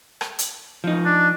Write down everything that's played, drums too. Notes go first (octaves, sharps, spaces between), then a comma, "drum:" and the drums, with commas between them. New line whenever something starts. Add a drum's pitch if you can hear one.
drum: rim click
drum: hi-hat
F3 D#4
D4